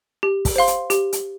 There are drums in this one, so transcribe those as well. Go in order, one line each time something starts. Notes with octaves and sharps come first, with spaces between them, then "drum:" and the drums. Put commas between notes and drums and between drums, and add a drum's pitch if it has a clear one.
G4
drum: kick, open hi-hat
C5 F5 C6
drum: hi-hat
G4, drum: hi-hat
drum: hi-hat